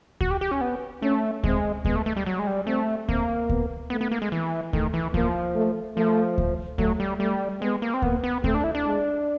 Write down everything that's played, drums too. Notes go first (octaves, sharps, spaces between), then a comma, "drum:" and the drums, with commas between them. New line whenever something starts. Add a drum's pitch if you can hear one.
F#4, drum: kick D2
G4
G4
C#4
B3
A3 C#4
G#3 C4, drum: kick D2
G#3 B3, drum: kick D2
A3
A3
G3
F#3
G#3
G3
A3 C4
A#3 C4, drum: kick D2
B3, drum: kick D2
A3 B3
B3
A#3
G#3
E3
D#3 A3, drum: kick D2
E3
F3 A#3, drum: kick D2
A3
F3 A3
drum: kick D2
F#3 A3, drum: kick D2
G3
G3 A3
G#3 B3
A#3
C4
A#3 B3, drum: kick D2
B3
A3 C4, drum: kick D2
D4
E4
D4
G#3